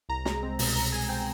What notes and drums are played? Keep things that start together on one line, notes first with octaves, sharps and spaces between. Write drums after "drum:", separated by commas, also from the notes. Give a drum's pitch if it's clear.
C2 A#5
G#3 A#5, drum: snare
C4
B2 A#5, drum: open hi-hat
C2 A#5
G#3 G#5
C4 G5